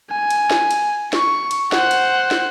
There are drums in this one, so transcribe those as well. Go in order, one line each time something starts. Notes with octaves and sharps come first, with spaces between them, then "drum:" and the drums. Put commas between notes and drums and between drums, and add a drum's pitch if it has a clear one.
G#5
drum: cymbal
drum: snare
drum: cymbal
C#6, drum: snare
drum: cymbal
C5 F#5, drum: snare
drum: cymbal
drum: snare